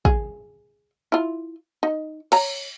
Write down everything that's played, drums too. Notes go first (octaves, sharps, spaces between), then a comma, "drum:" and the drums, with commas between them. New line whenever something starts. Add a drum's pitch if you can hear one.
G#4, drum: kick
E4 F4
D#4
C#5 A#5, drum: cymbal